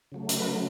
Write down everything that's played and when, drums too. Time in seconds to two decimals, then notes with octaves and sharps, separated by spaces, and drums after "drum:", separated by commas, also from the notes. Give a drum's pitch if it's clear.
0.12 C#3 F#3 A3
0.29 A#4, drum: hi-hat
0.39 B4
0.45 A#4